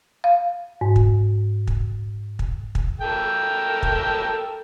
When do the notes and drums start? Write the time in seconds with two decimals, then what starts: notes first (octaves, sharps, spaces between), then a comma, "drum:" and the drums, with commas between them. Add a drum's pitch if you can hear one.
0.24 F5
0.81 G#2
0.96 drum: kick
1.67 drum: kick
2.39 drum: kick
2.75 drum: kick
3.01 A4 A#4 G5
3.83 drum: kick